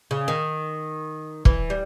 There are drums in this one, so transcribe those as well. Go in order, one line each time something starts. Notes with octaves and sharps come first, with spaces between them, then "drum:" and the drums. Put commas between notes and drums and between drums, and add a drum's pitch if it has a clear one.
C#3
D#3
E3, drum: kick
G3